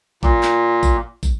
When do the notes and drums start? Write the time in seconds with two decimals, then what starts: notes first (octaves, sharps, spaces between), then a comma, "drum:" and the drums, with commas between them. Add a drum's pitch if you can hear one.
0.23 A#2, drum: kick
0.43 drum: clap
0.83 drum: kick, tambourine
1.23 drum: kick, tambourine